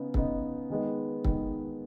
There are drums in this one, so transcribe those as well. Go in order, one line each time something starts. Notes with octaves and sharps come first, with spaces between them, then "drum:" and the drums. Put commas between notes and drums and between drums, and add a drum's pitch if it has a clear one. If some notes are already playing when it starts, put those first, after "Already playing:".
Already playing: C#3 B3 D#4
C#3 B3 D#4, drum: kick
D#3 G#3 B3
D#3 G#3 B3, drum: kick